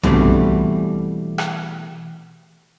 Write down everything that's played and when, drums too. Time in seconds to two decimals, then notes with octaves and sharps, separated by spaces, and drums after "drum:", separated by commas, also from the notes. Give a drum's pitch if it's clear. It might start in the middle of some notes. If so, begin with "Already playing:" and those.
0.03 B2 E3 G3 A3 C4 D4, drum: tom B1
1.38 drum: rim click